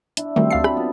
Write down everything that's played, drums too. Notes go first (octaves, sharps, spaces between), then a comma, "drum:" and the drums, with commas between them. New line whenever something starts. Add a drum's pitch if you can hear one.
D4 E4, drum: hi-hat
D#3 F#3 G3 A3 C4 G4
D2 A4 F5 C7
B5, drum: rim click
B3 F4